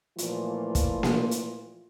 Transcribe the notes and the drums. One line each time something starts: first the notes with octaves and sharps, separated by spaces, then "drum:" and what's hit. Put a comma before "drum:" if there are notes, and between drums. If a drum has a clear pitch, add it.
A#2 E3 F3 A3 F4, drum: hi-hat
drum: kick, hi-hat
drum: snare A#3
drum: hi-hat